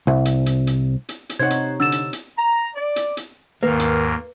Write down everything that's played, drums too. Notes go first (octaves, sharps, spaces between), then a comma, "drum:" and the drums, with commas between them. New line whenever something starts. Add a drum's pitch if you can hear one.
C2
drum: hi-hat
drum: hi-hat
drum: hi-hat
drum: hi-hat
drum: hi-hat
C3 D#4 C5 C#5 F#5 G#6
drum: hi-hat
D3 E6 A6 E7
drum: hi-hat
drum: hi-hat
A#5
D5
drum: hi-hat
drum: hi-hat
D#2 G#2 D#3 A#3 B4 F6
drum: hi-hat